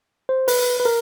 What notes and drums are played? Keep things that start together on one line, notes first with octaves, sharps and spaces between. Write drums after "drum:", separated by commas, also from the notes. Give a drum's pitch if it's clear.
C5
B4, drum: open hi-hat
B4
A#4